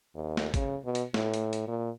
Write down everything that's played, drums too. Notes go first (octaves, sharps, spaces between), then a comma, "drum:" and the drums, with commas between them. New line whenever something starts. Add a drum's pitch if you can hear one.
D#2
drum: snare
C#3, drum: kick, hi-hat
B2
drum: hi-hat
A2, drum: snare
drum: hi-hat
drum: hi-hat
A#2